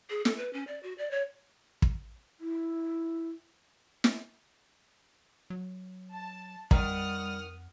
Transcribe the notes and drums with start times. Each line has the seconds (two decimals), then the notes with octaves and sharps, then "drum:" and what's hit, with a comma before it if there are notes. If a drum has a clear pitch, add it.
0.10 G#4
0.25 A4, drum: snare
0.37 B4
0.53 C#4
0.67 D5
0.83 F#4
0.98 D5
1.11 C#5
1.82 drum: kick
2.40 E4
4.04 drum: snare
5.50 F#3
6.10 A5
6.71 F2 D#3 G3 F#5 D#6 F6, drum: kick